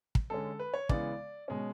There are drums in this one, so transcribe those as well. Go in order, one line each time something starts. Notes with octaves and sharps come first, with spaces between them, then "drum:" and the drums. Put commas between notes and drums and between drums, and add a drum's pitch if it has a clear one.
drum: kick
D3 G#3 C#4 A4
B4
C#5
C#3 E3 G#3 B3 D5, drum: kick
B2 G#3 C#4